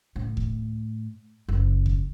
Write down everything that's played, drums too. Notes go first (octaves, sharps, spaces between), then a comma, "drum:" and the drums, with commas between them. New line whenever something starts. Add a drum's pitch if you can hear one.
A2
drum: kick D2
F#1
drum: kick D2